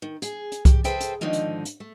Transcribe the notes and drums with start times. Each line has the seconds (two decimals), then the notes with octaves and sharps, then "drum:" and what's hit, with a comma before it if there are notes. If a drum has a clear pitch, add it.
0.02 D#3
0.22 G#4, drum: hi-hat
0.52 drum: hi-hat
0.65 G4, drum: kick C2, hi-hat
0.84 G#4 A4 B4 C5 E5 G5, drum: hi-hat
1.00 drum: hi-hat
1.21 G#2 D3 D#3 F3 D#4
1.33 drum: hi-hat
1.65 drum: hi-hat
1.80 A3